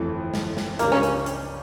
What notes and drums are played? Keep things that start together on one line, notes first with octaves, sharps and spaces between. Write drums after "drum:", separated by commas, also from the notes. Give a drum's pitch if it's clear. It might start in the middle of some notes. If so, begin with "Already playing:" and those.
Already playing: G1 F2 E3 A3 E4
drum: snare
drum: snare
C#2 C#3 G3 A#3 D4, drum: hi-hat
C#4
drum: hi-hat
drum: hi-hat